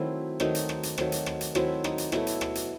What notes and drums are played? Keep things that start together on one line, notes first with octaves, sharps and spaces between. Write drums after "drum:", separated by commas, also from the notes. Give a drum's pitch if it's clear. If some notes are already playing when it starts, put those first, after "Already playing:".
Already playing: D#3 F#3 A3 C4 E4
D#3 F#3 A3 C4 D#4, drum: rim click
drum: hi-hat
drum: rim click
drum: hi-hat
D#3 F#3 A3 C4, drum: rim click
drum: hi-hat
drum: rim click
drum: hi-hat
D#3 F#3 A3 C4 E4, drum: rim click
D#4, drum: rim click
drum: hi-hat
B2 F#3 A3 E4, drum: rim click
drum: hi-hat
drum: rim click
drum: hi-hat